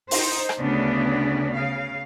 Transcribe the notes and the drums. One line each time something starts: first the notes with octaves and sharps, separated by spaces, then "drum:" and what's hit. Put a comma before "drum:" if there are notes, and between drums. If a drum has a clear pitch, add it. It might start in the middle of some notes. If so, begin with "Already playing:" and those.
D#4 C5, drum: open hi-hat
drum: rim click
D2 C#3 B3 D4
C#3 F5